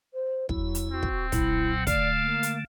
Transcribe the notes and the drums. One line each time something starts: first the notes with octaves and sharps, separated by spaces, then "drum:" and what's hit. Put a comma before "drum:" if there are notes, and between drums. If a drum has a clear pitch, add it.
C5
E2 F#3 E4, drum: kick
drum: hi-hat
C4 F#4
drum: kick
B1 A#2 F#3 E4, drum: kick, hi-hat
D3 A3 D5 F5, drum: kick, hi-hat
A#3
drum: hi-hat